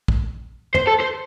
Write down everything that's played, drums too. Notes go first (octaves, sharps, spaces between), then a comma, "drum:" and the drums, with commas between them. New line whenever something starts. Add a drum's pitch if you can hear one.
drum: kick
C5, drum: tom
A4
C5